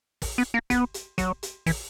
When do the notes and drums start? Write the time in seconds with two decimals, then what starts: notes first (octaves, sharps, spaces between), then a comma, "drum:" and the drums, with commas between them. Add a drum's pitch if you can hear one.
0.22 drum: kick, open hi-hat
0.38 B3
0.54 A#3
0.70 B3, drum: kick, hi-hat
0.94 drum: hi-hat
1.18 F#3, drum: kick, hi-hat
1.43 drum: hi-hat
1.66 E3, drum: kick, open hi-hat